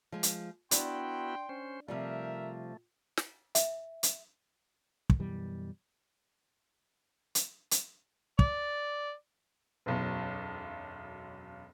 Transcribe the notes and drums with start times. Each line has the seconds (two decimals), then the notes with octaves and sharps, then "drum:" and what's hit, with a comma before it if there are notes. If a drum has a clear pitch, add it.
0.12 F3 G#3
0.23 drum: hi-hat
0.71 B3 D4 E4 F#4 G5 C6, drum: hi-hat
1.49 C#4 C5
1.88 C3 F3 G3 A3 A#4 E5
3.17 drum: snare
3.55 E5, drum: hi-hat
4.03 drum: hi-hat
5.10 drum: kick
5.19 F#2 B2 E3 G3
7.35 drum: hi-hat
7.71 drum: hi-hat
8.39 D5, drum: kick
9.86 E1 B1 F#2